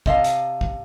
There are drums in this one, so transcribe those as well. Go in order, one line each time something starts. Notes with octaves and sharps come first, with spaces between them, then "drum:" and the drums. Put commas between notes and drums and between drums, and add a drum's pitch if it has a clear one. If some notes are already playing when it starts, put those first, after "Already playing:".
C3 D#5 F5 A5, drum: kick
drum: hi-hat
drum: kick